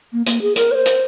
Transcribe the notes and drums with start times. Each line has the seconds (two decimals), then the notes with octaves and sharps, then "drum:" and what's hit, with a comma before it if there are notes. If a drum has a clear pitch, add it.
0.13 A#3
0.26 A#3, drum: hi-hat
0.42 G#4
0.56 A#4, drum: hi-hat
0.71 C#5
0.75 C5
0.85 drum: hi-hat